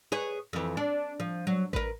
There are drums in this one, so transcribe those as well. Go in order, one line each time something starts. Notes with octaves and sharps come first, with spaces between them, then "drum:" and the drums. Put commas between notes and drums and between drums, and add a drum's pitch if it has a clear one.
G#4 B4 C#5
F2 E3
D4
F3
F#3
A#4 B4, drum: kick A1